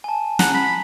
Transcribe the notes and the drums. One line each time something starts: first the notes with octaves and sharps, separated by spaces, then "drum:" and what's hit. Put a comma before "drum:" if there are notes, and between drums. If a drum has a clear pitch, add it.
G#5 A5
F#5 A#5, drum: snare
B5